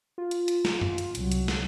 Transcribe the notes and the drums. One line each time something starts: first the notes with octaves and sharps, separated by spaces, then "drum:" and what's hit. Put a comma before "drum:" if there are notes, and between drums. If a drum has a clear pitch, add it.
F4
drum: hi-hat
drum: hi-hat
drum: snare
drum: tom F#2
drum: hi-hat
C2 F#3, drum: hi-hat
drum: hi-hat
drum: snare